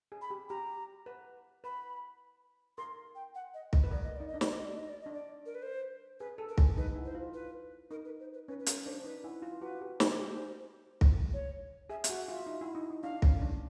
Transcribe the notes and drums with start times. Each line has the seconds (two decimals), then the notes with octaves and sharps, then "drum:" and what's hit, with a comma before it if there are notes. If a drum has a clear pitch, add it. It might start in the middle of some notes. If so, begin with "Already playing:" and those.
0.12 G#4
0.22 B5
0.30 G4
0.50 G4 A#5
1.06 B4
1.64 B4 B5
2.78 A#4 C6
3.15 G5
3.35 F#5
3.54 D#5
3.73 D#5, drum: kick
3.84 B4
3.91 A#4 D5
4.04 D#5
4.16 D#4 D5
4.28 D#5
4.34 D4
4.41 D5, drum: snare
4.53 D#5
4.65 D5
4.77 D#5
4.89 D5
5.01 D4 D#5
5.13 D5
5.46 A#4
5.55 B4
5.62 C5
6.20 G#4 B4
6.38 A4
6.49 A#4
6.58 G#4, drum: kick
6.77 D#4 B4
6.96 E4
7.05 C5
7.15 F4
7.34 B4
7.91 D#4 A#4
8.05 B4
8.20 C5
8.34 B4
8.48 C#4 B4
8.60 B4
8.66 C#4 A#4, drum: hi-hat
8.86 D4 C5
9.04 D#4 B4
9.24 E4
9.42 F4
9.62 F#4 B4
9.81 G4
10.00 G#4, drum: snare
10.18 G4 C5
11.01 drum: kick
11.33 C#5
11.90 G#4 E5
12.04 E5, drum: hi-hat
12.09 F#4
12.18 E5
12.28 F4 E5
12.46 D#4
12.61 E4
12.75 D#4
12.90 D#4
13.03 D4 F5
13.22 C#4, drum: kick
13.42 D4